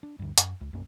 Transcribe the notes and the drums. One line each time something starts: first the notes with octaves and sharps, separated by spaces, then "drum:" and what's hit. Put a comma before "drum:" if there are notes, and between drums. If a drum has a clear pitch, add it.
D4
D2 G2
F#2, drum: hi-hat
C#2
B1 F#2 A#3 C#4